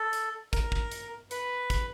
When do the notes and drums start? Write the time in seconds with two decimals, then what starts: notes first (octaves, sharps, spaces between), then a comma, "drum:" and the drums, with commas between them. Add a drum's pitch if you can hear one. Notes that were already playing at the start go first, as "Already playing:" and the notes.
Already playing: A4
0.13 drum: hi-hat
0.53 A#4, drum: kick, hi-hat
0.72 drum: kick
0.91 drum: hi-hat
1.31 B4, drum: hi-hat
1.70 drum: kick, hi-hat